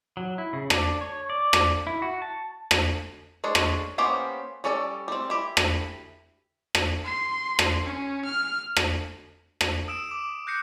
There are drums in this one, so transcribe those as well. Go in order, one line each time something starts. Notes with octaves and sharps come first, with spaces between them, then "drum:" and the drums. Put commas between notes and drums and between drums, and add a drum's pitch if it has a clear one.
F#3
E4
C#3
D4, drum: rim click
C#5
D5
drum: rim click
E4
F#4
A5
drum: rim click
G#3 C#4 D4 G#4
drum: rim click
A#3 B3 C#4 G4 C5
G3 C#4 A4 D5 A5
G3 C4
E4 G4
drum: rim click
drum: rim click
C6
drum: rim click
C#4
F6
drum: rim click
drum: rim click
D#6 E6 D7 E7
D6
F#6 G6 A#6 C7 C#7